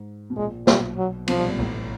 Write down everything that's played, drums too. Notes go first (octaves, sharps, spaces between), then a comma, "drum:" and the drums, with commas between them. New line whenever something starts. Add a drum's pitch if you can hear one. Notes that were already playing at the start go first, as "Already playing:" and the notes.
Already playing: G#2
B2
A#1 A#2 G#3
B1 B2 G3, drum: snare
F#3
B1 B2 F3, drum: cymbal
C2 C3
A#1 A#2
A1 A2